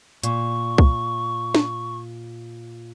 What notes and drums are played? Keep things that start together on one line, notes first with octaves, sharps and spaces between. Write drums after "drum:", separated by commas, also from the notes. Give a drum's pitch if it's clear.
A#2 C#6, drum: hi-hat
drum: kick C2
drum: snare